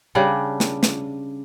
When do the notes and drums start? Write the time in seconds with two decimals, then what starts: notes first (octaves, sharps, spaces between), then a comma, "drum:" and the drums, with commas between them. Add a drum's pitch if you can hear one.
0.15 C#3 G3 D4 F#5
0.60 drum: snare
0.83 drum: snare